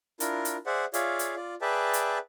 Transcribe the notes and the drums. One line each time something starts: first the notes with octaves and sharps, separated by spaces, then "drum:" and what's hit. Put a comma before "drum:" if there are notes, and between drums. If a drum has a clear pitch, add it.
D4 E4 F4 A#4, drum: hi-hat
drum: hi-hat
G#4 C5 D5 E5 F#5
F4 G#4 C#5 D5 E5 F5, drum: hi-hat
drum: hi-hat
F4 D5
G#4 B4 D5 E5 G5 A5
drum: hi-hat